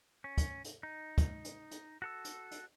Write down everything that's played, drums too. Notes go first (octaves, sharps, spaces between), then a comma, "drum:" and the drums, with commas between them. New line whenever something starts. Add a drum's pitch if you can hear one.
C#4
drum: kick, hi-hat
drum: hi-hat
D#4
drum: kick, hi-hat
drum: hi-hat
drum: hi-hat
F#4 A4 E6
drum: hi-hat
drum: hi-hat